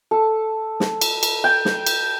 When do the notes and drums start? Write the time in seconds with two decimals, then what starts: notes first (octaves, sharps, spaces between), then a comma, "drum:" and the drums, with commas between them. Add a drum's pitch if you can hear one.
0.11 A4
0.80 drum: snare
1.01 drum: cymbal
1.23 drum: cymbal
1.44 G5
1.65 drum: snare
1.86 drum: cymbal